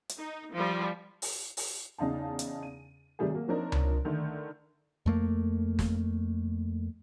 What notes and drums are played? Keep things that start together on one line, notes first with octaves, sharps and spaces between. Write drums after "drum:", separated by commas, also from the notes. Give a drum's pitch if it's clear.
drum: hi-hat
D#4
F3 G3
drum: open hi-hat
drum: open hi-hat
E2 C#3 D#4 F5 A5
drum: hi-hat
D#7
C3 D#3 G3 A3 G#4
F#3 A#3
F3 C4 D4 D#4 A#4 C#5
drum: tom C#2
D3 D#3 A3
F2 A3 A#3
drum: snare